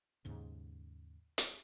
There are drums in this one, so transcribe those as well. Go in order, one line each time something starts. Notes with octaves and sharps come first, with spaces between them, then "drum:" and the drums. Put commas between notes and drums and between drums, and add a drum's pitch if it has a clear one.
D#2 G#2 C#3
drum: hi-hat